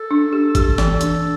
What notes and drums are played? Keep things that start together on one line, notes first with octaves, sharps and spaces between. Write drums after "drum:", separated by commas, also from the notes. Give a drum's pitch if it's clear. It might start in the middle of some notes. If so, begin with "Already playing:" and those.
Already playing: A4
D4
G4
G4, drum: kick G1, hi-hat
E3, drum: snare
D4, drum: hi-hat